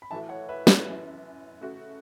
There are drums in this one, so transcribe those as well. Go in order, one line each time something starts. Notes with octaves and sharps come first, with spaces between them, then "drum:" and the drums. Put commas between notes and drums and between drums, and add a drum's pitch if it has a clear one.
B5
A2 E3 A3 F#4 E5 A5
C#5 F#5
B4 E5
B4, drum: snare
F#2 E3 C#4
C#3 A3 F#4